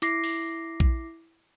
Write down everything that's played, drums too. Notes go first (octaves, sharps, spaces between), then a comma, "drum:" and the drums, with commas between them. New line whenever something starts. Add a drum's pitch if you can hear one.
E4 D6 A#6 C7, drum: hi-hat
drum: open hi-hat
drum: kick A#1